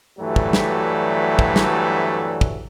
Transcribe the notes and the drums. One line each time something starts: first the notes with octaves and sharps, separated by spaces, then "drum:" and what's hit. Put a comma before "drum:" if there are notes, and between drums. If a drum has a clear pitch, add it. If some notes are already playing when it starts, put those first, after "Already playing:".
D2 G2 E3 F#3 G3 A3
drum: kick
drum: snare
drum: kick
drum: snare
drum: kick